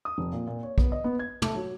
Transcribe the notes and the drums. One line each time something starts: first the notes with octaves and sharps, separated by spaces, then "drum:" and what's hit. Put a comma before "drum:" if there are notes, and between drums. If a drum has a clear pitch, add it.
D#6
F1
A#2
A#2
C#5
B3, drum: kick A#1
D#5
B3
G#6
A3, drum: tom
F#3